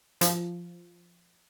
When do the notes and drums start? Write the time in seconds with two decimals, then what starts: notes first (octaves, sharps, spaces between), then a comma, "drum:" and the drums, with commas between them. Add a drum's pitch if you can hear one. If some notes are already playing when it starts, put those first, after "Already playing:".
0.21 F3, drum: hi-hat